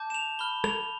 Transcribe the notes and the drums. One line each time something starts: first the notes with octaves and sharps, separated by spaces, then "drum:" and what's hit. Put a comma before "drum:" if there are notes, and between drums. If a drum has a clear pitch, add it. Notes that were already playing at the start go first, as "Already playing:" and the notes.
Already playing: A5 D6 G6
E7
F7
B5 F6 G7
F7, drum: rim click